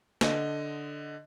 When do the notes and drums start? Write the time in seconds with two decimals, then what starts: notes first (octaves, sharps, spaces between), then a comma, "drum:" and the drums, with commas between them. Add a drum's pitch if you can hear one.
0.21 D3 D#5, drum: snare